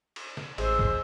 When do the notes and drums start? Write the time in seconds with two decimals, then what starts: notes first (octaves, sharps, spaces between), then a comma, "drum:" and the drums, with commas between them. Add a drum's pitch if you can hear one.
0.16 drum: cymbal
0.37 drum: snare
0.58 A1 G#3 C5 E6, drum: cymbal
0.79 drum: kick